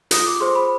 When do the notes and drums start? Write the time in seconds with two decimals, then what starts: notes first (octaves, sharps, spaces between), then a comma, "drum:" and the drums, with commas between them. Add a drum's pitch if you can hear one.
0.11 F4 D#6, drum: hi-hat
0.27 D6
0.41 G#4 C5 C6
0.55 B5